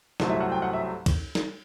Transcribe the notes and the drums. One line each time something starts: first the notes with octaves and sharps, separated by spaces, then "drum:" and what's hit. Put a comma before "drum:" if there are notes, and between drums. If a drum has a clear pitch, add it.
C2 C3 F#3 A3 C4, drum: snare
E5
F#5
G5
F#5
E5
drum: kick, cymbal
drum: snare